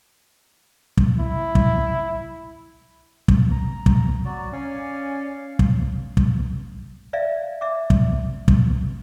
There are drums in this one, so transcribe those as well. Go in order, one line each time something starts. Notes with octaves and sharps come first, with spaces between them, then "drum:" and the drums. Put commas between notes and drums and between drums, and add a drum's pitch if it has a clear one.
drum: kick
E4
drum: kick
drum: kick
A#5
drum: kick
F#3 F#4 D5
C#4 D5 F5 G#5
F5
drum: kick
drum: kick
D5 E5 F5
E5 D6
drum: kick
drum: kick